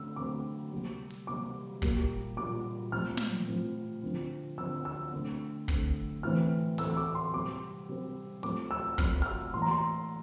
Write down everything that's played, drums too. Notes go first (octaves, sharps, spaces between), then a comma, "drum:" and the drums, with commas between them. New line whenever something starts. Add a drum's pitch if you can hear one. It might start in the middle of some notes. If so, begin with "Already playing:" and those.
Already playing: D3 A3 C4 E6
D3 A3 C4 D6
C3 G3 A#3
drum: hi-hat
C3 G3 A#3 D6
A#2 G3 A#3, drum: kick
A#2 G3 A#3 D6
A2 F3 C4 F6
drum: snare
A2 F3 C4
D3 F3 C4
D3 F3 C4 E6
E6
D3 A3 C4
D3 A3 C4, drum: kick
A2 E3 A3 C4 F6
A2 E3 A3 C4 E6, drum: open hi-hat
E6
D6
C6
C3 G3 C4 D6
C3 G3 C4
A2 F3 A3 C4 D6, drum: hi-hat
E6
A2 F3 A3 C4 F6, drum: kick
F6, drum: hi-hat
E6
A2 E3 A#3 C6
A#5
C6